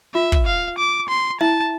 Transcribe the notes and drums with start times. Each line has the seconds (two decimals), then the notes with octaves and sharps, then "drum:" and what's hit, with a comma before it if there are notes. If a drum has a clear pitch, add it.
0.14 F4 E5
0.32 drum: kick
0.46 F5
0.78 D6
1.09 C6
1.40 E4 E5 A5